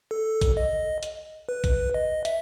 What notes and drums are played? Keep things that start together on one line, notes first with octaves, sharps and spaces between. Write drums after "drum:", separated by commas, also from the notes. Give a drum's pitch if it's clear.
A4
drum: kick, hi-hat
D#5
drum: hi-hat
B4
drum: kick, hi-hat
D#5
E5, drum: hi-hat